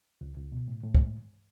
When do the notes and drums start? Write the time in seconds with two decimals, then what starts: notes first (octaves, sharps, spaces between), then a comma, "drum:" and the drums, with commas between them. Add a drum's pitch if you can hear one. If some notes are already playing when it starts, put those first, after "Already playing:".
0.21 C#2
0.37 C#2
0.52 B2
0.68 A2
0.83 A2
0.95 drum: kick